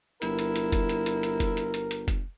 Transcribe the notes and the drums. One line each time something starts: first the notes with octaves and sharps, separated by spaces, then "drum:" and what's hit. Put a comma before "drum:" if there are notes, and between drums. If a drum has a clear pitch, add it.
G1 E4 A#4, drum: hi-hat
drum: hi-hat
drum: hi-hat
drum: kick F1, hi-hat
drum: hi-hat
drum: hi-hat
drum: hi-hat
drum: kick F1, hi-hat
drum: hi-hat
drum: hi-hat
drum: hi-hat
drum: kick F1, hi-hat